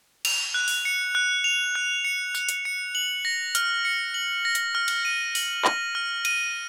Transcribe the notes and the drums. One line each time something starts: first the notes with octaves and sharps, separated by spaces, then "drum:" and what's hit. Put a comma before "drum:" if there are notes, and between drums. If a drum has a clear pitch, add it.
F7, drum: cymbal
F#6
drum: open hi-hat
C#7
F#6
F7
F#6
C#7
F#6, drum: tambourine
drum: hi-hat
C#7
F#7
A#6
F6, drum: hi-hat
C#7
F#7
A#6
drum: hi-hat
F6
drum: cymbal
D#7
F#7, drum: open hi-hat
A#6, drum: clap
F6
D#7, drum: cymbal